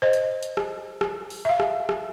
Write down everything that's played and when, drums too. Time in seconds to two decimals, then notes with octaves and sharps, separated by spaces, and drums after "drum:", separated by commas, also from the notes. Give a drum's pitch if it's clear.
0.02 C5 D#5
0.13 drum: hi-hat
0.43 drum: hi-hat
0.57 drum: rim click
1.01 drum: rim click
1.30 drum: open hi-hat
1.45 E5 F5
1.60 drum: rim click
1.89 drum: rim click